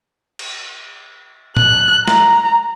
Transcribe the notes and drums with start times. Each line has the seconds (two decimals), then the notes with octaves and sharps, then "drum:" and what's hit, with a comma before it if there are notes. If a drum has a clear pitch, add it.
0.39 drum: cymbal
1.57 F#6, drum: tom A2
2.08 A#5, drum: snare